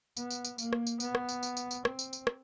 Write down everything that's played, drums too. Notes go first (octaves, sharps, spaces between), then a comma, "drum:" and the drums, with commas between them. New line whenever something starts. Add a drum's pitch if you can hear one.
B3, drum: tambourine
drum: tambourine
drum: tambourine
A#3, drum: tambourine
drum: rim click
drum: tambourine
B3, drum: tambourine
drum: rim click
drum: tambourine
drum: tambourine
drum: tambourine
drum: tambourine
C4, drum: rim click
drum: tambourine
drum: tambourine
drum: rim click